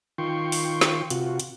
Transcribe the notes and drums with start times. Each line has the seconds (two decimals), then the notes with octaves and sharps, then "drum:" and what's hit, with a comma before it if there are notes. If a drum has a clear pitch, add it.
0.18 D#3 F4 G5 C6 C#6
0.52 drum: open hi-hat
0.81 drum: snare
1.10 C3 F4 F#4, drum: hi-hat
1.39 drum: hi-hat